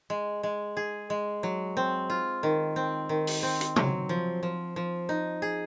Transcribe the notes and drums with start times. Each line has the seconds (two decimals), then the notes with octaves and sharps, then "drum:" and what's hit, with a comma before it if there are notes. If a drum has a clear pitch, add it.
0.10 G#3
0.43 G#3
0.77 G#4
1.10 G#3
1.43 F#3
1.77 C4
2.10 F4
2.43 D#3
2.76 C4
3.09 D#3
3.27 drum: open hi-hat
3.43 C4
3.61 drum: hi-hat
3.76 F#3, drum: tom C3
4.09 F3
4.43 F3
4.76 F3
5.09 D#4
5.42 G#4